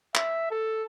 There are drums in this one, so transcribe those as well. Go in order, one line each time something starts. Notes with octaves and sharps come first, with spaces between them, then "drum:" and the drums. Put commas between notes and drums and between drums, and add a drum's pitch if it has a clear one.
E5, drum: clap
A4